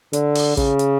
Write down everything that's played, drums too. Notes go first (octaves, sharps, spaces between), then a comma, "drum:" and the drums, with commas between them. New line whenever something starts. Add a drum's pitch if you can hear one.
D3, drum: hi-hat
drum: open hi-hat
C#3, drum: kick, hi-hat
drum: hi-hat